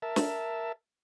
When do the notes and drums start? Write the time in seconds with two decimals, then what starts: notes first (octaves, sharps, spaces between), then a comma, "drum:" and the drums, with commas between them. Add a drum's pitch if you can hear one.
0.02 A#4 E5 A5
0.16 drum: snare